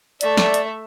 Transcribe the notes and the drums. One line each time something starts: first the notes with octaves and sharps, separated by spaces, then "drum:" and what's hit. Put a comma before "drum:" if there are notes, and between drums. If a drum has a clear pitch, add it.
A3 D5 E5, drum: hi-hat
drum: snare
drum: hi-hat